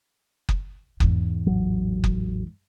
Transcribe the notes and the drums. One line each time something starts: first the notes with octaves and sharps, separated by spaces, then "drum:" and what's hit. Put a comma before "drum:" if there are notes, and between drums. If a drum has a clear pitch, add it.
drum: kick F#1
E2 G#2, drum: kick F#1
A1 F#3
drum: kick F#1